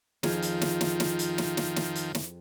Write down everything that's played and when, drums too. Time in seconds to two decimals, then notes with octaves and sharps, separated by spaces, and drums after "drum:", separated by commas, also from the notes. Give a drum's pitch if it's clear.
0.23 F2 D#3 F3 F4 G#4, drum: snare
0.42 drum: hi-hat
0.61 drum: snare
0.81 drum: snare
1.00 drum: snare
1.19 drum: hi-hat
1.38 drum: snare
1.57 drum: snare
1.76 drum: snare
1.95 drum: hi-hat
2.15 drum: snare